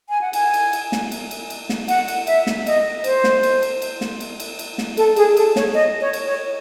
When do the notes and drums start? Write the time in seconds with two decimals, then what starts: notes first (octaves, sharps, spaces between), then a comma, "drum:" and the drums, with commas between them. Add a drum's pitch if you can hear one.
0.09 G#5
0.21 F#5
0.33 G#5, drum: cymbal
0.54 drum: cymbal
0.73 drum: cymbal
0.92 drum: snare
1.12 drum: cymbal
1.31 drum: cymbal
1.50 drum: cymbal
1.69 drum: snare
1.88 F#5, drum: cymbal
2.08 drum: cymbal
2.27 E5, drum: cymbal
2.47 drum: snare
2.67 D#5, drum: cymbal
3.04 C5, drum: cymbal
3.24 drum: snare
3.43 drum: cymbal
3.62 drum: cymbal
3.82 drum: cymbal
4.01 drum: snare
4.20 drum: cymbal
4.40 drum: cymbal
4.59 drum: cymbal
4.78 drum: snare
4.97 A4, drum: cymbal
5.16 G#4, drum: cymbal
5.37 A4, drum: cymbal
5.56 C#5, drum: snare
5.74 D#5
6.01 C#5
6.13 drum: cymbal
6.26 C#5